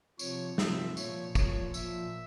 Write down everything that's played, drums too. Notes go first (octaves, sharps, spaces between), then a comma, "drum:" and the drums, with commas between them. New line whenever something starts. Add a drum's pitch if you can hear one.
C3 F3 C#5, drum: tambourine
C3 F3 E5, drum: snare
A#2 F3 C#5, drum: tambourine
A#2 F3 C#5, drum: kick, tambourine
A#2 F3 E5, drum: tambourine